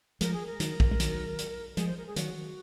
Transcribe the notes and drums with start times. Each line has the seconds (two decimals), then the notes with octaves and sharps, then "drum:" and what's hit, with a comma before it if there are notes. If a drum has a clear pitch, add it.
0.21 F3 G#3 A#4, drum: hi-hat
0.34 G#4
0.47 A#4
0.60 D#3 F#3, drum: hi-hat
0.80 drum: kick
0.91 G#3
1.00 D#3 F#3, drum: hi-hat
1.39 drum: hi-hat
1.73 A#4
1.77 F3 G#3 G#4, drum: hi-hat
1.88 C5
1.97 A#4
2.07 G#4
2.16 D#3 F#3 F#4, drum: hi-hat